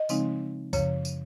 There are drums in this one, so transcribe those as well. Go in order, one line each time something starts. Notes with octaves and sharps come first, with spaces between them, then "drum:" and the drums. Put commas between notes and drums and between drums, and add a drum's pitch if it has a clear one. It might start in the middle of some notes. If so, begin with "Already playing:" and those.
Already playing: D#5
C#3 F3 G#3 C4 D#4, drum: tambourine
F#2 C#3 F3 C#5, drum: kick, tambourine
drum: tambourine